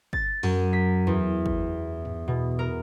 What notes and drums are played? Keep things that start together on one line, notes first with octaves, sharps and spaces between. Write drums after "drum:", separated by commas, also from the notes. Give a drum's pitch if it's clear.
A6, drum: kick
F#2, drum: open hi-hat
B6
E2
drum: kick
drum: tom G2
B2
A#4